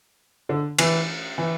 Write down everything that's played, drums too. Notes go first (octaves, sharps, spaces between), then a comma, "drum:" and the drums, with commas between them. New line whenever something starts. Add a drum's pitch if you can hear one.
D3
E3, drum: cymbal
E3